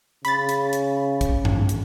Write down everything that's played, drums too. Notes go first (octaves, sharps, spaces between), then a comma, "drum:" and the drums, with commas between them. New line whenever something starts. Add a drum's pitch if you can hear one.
C#3 B5 A6, drum: hi-hat
drum: hi-hat
drum: hi-hat
drum: kick, hi-hat
drum: tom F#2
drum: hi-hat